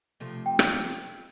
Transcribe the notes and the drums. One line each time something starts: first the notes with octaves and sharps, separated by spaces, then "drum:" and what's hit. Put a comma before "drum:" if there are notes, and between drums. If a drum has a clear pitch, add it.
C3 F3 A3
G5
drum: rim click